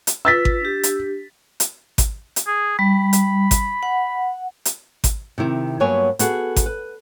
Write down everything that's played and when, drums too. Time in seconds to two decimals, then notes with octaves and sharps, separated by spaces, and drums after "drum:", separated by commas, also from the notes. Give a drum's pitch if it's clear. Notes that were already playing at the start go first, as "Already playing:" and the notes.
0.07 drum: hi-hat
0.25 F4 B4 E6 A6 B6
0.45 drum: kick G#1
0.60 D4 G4
0.83 drum: hi-hat
1.60 drum: hi-hat
1.98 drum: kick G#1, hi-hat
2.36 drum: hi-hat
2.47 G#4
2.79 G3 B5
3.13 drum: hi-hat
3.51 drum: kick G#1, hi-hat
3.83 F#5
4.65 drum: hi-hat
5.04 drum: kick G#1, hi-hat
5.38 C3 D#3 E4
5.80 G2 F#3 A#3 B3 C#5 G#5
6.19 B3 F#4 G#4 A4, drum: hi-hat
6.56 drum: kick G#1, hi-hat
6.66 B4